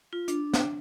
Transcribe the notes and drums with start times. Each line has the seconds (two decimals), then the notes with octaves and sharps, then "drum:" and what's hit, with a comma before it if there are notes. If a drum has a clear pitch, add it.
0.13 F4
0.28 D4, drum: hi-hat
0.53 drum: snare